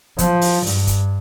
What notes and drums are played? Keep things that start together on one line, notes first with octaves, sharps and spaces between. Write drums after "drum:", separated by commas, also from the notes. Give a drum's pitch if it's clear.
F3, drum: kick, hi-hat
drum: open hi-hat
G2, drum: open hi-hat
drum: kick, hi-hat